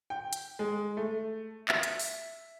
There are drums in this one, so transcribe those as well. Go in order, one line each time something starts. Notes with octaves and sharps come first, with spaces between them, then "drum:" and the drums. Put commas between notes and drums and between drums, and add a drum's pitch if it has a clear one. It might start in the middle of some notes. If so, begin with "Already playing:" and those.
G5
drum: hi-hat
G#3
A3
E5, drum: clap
drum: hi-hat
drum: open hi-hat